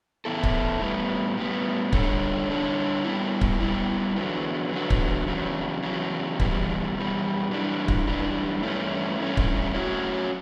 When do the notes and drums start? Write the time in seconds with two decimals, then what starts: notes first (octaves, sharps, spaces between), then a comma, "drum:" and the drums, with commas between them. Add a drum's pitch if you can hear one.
0.25 A2 E3 B3 E4 A4
0.43 drum: kick
0.81 A2 G3 B3
1.36 A2 G3 B3
1.93 D3 G3 D4 A4 C#5, drum: kick
2.49 D3 G3 D4 A4 C#5
3.04 G3 B3 E4
3.41 drum: kick
3.60 G3 B3 E4
4.16 E2 D3 F#3 B3
4.71 E2 D3 F#3 B3
4.90 drum: kick
5.28 E2 C#3 F#3
5.83 E2 C#3 F#3
6.40 E2 B2 G3, drum: kick
6.95 E2 B2 G3
7.50 F#2 E3 G3 D4
7.88 drum: kick
8.07 F#2 E3 G3 D4
8.62 G2 E3 A3 C#4
9.19 G2 E3 A3 C#4
9.37 drum: kick
9.74 A2 F#3 C#4 F#4 C#5